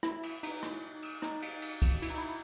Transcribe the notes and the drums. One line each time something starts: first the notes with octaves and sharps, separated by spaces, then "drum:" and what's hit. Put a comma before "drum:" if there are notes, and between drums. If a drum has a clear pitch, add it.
E4, drum: rim click
drum: cymbal
D#4, drum: cymbal
drum: rim click
drum: cymbal
D#4, drum: rim click
drum: cymbal
drum: cymbal
drum: kick, cymbal
E4, drum: cymbal
D#4
E4